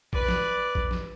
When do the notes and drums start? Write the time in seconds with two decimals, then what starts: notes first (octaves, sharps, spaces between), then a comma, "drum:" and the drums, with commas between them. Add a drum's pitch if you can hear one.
0.13 B4 D5, drum: kick
0.28 drum: snare
0.75 drum: kick
0.91 drum: snare